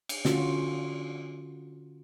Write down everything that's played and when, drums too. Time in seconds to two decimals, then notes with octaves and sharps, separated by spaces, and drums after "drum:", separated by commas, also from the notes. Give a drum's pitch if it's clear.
0.09 drum: cymbal
0.25 D3 C#4 F4 F#4, drum: snare